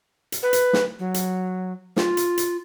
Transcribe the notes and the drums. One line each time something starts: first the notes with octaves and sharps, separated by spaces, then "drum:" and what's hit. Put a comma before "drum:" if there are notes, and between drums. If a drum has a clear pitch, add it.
drum: hi-hat
B4
drum: hi-hat
drum: snare
F#3
drum: hi-hat
F4, drum: snare
drum: hi-hat
drum: hi-hat